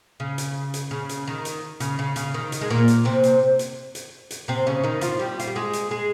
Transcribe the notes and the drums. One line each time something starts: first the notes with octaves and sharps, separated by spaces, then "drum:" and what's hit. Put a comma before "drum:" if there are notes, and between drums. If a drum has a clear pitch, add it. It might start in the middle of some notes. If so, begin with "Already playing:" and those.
C#3
drum: hi-hat
drum: hi-hat
C#3
drum: hi-hat
D#3
drum: hi-hat
C#3, drum: hi-hat
C#3
C#3, drum: hi-hat
D#3
drum: hi-hat
G#3
A#2 A#3
drum: hi-hat
C3 C4
drum: hi-hat
drum: hi-hat
drum: hi-hat
drum: hi-hat
C3 C4
C#3 C#4
D#3 D#4
F3 F4, drum: hi-hat
G3 G4
F4, drum: hi-hat
G4
G#3 G#4
drum: hi-hat
G#3 G#4